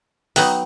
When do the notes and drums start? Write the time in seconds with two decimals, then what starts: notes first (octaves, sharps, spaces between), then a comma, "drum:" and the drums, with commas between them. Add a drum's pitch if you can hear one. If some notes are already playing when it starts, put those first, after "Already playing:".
0.36 F#3 B3 D#4 G5, drum: open hi-hat